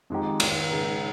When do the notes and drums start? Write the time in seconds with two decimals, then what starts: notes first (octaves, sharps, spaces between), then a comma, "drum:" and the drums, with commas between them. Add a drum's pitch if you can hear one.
0.10 F2 D#3 G#3 D#4 G4
0.40 G#2 D#3 A#3, drum: cymbal
0.70 C#3 G#3 D#4 G#4